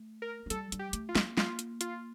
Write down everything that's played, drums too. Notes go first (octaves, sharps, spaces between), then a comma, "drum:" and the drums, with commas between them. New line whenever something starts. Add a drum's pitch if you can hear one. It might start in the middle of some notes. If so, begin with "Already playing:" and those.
Already playing: A3
A#4
A3
G3 A4, drum: hi-hat
G3, drum: hi-hat
G4
A3, drum: hi-hat
F4
A#3, drum: snare
F4, drum: snare
drum: hi-hat
F4, drum: hi-hat